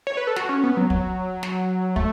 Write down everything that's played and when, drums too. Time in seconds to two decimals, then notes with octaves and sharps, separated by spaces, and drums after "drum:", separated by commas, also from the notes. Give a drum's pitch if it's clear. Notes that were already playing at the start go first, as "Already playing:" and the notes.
0.07 C#5
0.17 B4
0.27 A4
0.36 F#4, drum: snare
0.49 C#4
0.63 B3
0.77 F#3
0.90 F#3, drum: kick
1.43 drum: snare
1.96 A3, drum: kick